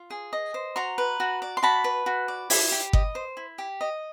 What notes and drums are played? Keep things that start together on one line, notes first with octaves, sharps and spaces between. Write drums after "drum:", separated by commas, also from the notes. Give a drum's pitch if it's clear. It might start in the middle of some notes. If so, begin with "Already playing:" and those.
Already playing: F4
G#4
D#5
C5
F#4 A#5 C6
B4
F#4
D5
C6
F#4 A5 B5
B4
F#4
D5
E4, drum: open hi-hat
G4
D#5, drum: kick G1
C5
E4
G4
D#5